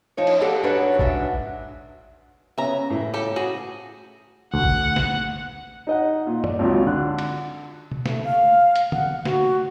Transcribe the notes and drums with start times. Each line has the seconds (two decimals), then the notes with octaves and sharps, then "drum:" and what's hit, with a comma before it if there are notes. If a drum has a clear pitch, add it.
0.17 F2 F3 D#4 C#5
0.27 drum: cymbal
0.41 B3 G4 A4 D5 D#5 A5
0.63 F#2 F#3 D4 D#4 B4 C#5
0.99 G#2 D4 F#4 E5, drum: kick A1
2.58 C#3 B3 C#4 E5 A#5
2.90 A2 E3
3.14 C#3 G4 A4
3.36 F#4 G#4
4.54 D2 F#5
4.64 drum: kick A1
4.96 drum: snare
5.87 D#4 D#5 F#5
6.27 A#2
6.44 D5, drum: tom F#2
6.59 G#1 C#2 F#3 F4
6.86 D3 F#6
7.19 drum: cymbal
7.92 drum: tom B2
8.06 A3, drum: snare
8.24 F5
8.76 drum: hi-hat
8.92 F#5, drum: tom D3
9.25 F#4, drum: snare